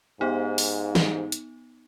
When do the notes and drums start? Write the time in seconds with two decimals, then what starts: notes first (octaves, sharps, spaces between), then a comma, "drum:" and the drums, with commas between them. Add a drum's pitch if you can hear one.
0.21 G#2 B3 D#4 G4 C5 F5
0.58 drum: open hi-hat
0.95 drum: snare
1.32 drum: hi-hat